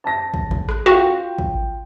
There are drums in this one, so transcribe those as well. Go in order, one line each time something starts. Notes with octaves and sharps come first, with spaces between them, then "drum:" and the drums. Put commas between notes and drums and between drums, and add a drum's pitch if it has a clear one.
A5 A#6
drum: kick
drum: kick
drum: rim click
F4 F#4 G5, drum: rim click
drum: kick